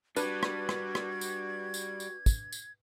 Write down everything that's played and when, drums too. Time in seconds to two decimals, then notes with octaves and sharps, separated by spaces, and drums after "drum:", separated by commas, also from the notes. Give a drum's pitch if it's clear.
0.16 G3 D4 F#4 B4 G#6, drum: tambourine
0.43 drum: rim click
0.69 drum: rim click
0.95 drum: rim click
1.21 drum: tambourine
1.74 drum: tambourine
2.00 drum: tambourine
2.26 drum: kick, tambourine
2.52 drum: tambourine